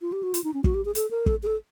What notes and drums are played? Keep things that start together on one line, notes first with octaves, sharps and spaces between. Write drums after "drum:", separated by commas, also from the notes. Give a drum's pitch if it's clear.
F4
G4
F#4
F4, drum: hi-hat
D#4
C#4
F#4, drum: kick
G4
G#4
A4, drum: hi-hat
A#4
A4, drum: kick
G#4
A4